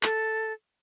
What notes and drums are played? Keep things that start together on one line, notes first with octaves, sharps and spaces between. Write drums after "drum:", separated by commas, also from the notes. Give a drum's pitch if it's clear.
A4, drum: clap